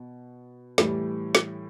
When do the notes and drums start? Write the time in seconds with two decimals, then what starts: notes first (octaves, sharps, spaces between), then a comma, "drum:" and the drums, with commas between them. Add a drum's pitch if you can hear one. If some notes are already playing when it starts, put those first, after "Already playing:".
Already playing: B2
0.78 A2 E3 G3, drum: snare
1.35 drum: snare